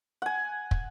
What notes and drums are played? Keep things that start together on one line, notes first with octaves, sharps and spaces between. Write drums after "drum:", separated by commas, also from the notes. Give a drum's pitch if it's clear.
F#5 G#5
drum: kick